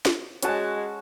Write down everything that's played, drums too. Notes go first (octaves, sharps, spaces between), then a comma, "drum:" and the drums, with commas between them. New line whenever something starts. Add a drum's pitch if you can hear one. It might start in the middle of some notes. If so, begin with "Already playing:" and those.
drum: snare
G#3 C#4 F#4 A5, drum: hi-hat